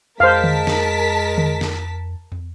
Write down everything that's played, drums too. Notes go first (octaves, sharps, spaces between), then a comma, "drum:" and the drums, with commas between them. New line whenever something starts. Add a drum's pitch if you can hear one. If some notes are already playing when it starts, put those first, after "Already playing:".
F2 G#3 A#4 C5 F5 A5 B6
drum: tom D3
drum: snare
drum: tom D3
drum: snare
drum: tom